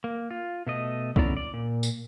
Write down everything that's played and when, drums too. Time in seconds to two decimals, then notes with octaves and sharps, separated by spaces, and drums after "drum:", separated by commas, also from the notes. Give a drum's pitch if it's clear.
0.04 A#3
0.31 F4
0.67 B2 A3 D#5
1.16 D3 B3 C#4 E4 D5 A#5, drum: kick C2
1.37 D5
1.54 A#2
1.83 drum: tambourine